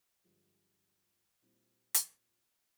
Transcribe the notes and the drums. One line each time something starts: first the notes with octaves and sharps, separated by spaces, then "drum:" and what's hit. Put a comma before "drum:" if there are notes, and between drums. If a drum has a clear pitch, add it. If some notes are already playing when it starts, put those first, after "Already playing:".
G2 D3 F3 G#3
A#2 G3 C4 E4
drum: hi-hat